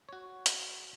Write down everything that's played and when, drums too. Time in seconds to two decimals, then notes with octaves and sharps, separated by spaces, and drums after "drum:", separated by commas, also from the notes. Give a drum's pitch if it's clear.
0.09 F#4 C#5
0.46 drum: hi-hat